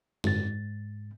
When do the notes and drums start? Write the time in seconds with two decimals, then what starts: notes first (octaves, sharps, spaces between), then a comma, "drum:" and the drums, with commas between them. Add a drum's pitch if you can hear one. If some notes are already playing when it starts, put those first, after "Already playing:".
0.24 G#2 A6, drum: tom F#2